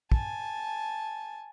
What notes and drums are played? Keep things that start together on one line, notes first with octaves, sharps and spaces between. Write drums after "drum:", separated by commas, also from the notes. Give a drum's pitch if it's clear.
G#5 A5, drum: kick